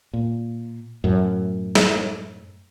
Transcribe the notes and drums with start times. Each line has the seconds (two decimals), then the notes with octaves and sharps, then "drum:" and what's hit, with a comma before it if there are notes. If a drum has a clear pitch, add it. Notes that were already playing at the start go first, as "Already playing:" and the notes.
0.13 A#2
1.04 F#2 A2
1.75 drum: snare